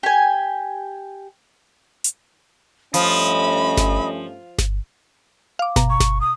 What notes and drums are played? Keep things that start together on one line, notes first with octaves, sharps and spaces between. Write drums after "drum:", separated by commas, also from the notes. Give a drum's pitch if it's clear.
G4 G#5
drum: hi-hat
G2 F3 A3 C#4 D#5 B5, drum: open hi-hat
drum: snare G1
drum: snare G1
F5 D6
B2 A#5, drum: snare G1
C#6
drum: snare G1
D#6